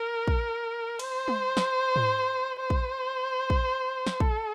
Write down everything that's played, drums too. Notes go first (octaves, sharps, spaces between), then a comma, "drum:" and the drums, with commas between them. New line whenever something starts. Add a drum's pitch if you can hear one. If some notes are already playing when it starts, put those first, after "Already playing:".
Already playing: A#4
drum: kick
C5, drum: cymbal
drum: tom
drum: snare
drum: tom
C5
drum: kick
drum: kick
drum: snare
A4, drum: kick